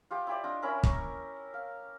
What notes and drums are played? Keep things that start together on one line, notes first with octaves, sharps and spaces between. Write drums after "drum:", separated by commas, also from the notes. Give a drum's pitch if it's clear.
F4 G4 D#6
E4 G4 D5
D4 F4 D#5
C#4 E4 A#4 B5
A#5 C#6, drum: kick
F5